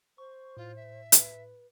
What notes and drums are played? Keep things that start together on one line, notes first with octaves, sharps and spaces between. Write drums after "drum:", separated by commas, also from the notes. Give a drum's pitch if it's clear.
C5 C#6
A2 F4
E5
B4, drum: hi-hat